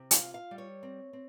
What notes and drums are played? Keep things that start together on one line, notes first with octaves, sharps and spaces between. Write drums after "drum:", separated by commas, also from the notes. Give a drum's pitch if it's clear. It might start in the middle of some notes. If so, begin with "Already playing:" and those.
Already playing: C3
F5, drum: hi-hat
F4
F5
G3
C#5
C4
C4